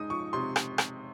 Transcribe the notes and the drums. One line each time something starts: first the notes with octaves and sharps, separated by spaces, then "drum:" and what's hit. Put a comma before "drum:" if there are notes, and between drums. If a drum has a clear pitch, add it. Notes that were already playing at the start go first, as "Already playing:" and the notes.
Already playing: G#3 D#4 D#6
F3 C#6
C3 C6
drum: rim click
drum: rim click